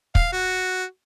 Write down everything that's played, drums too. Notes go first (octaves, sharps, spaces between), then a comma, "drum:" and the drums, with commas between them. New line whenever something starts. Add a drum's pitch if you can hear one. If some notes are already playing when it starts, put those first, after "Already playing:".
F5, drum: kick
F#4